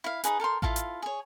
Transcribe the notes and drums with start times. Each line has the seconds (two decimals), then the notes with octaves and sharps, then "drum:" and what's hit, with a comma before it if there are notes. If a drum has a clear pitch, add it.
0.04 E4 F5
0.24 D#4 E4 G#4 B4, drum: hi-hat
0.40 A4 A#4 G5 C6
0.62 E4 F4 A4 F5, drum: kick A1
0.76 drum: hi-hat
1.02 G#4 C#5